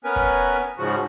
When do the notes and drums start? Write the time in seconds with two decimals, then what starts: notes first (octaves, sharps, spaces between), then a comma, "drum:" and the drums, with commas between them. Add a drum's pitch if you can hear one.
0.04 B3 C#4 A#4 B4 G#5
0.16 drum: kick
0.78 G#2 C#3 F3 F#4